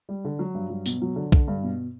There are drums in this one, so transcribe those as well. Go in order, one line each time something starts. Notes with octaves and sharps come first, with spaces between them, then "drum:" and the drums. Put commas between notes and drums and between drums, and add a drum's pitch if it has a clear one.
G3
D3
F#3
G2
F#3
B2, drum: tambourine
F#3
D3
D3, drum: kick B1
G2
B2